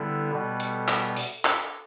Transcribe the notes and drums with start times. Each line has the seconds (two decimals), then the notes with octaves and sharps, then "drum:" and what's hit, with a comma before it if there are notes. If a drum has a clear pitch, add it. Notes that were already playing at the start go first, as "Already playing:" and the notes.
Already playing: D3 G3 B3 E4 A4
0.32 B2 G3 B3
0.60 drum: hi-hat
0.88 drum: clap
1.16 drum: open hi-hat
1.45 drum: clap